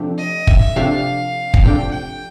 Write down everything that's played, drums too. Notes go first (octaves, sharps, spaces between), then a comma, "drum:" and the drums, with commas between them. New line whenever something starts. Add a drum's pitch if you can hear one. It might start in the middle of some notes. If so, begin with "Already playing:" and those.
Already playing: C3 F3 A3 D4 G4
D#5
E5, drum: kick
C3 F3 A3 D4 G4 F5
drum: kick
C3 F3 A3 D4 G4 G5
G5